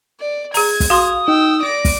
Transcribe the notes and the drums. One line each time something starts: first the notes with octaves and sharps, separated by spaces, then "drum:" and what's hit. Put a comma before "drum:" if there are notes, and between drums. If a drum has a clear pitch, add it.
D5
G#4 A#5 G#6, drum: open hi-hat
drum: kick, open hi-hat
F#4 F5 C6 D#6
D#4 G5 E6
D5 D6 A#6
drum: kick, open hi-hat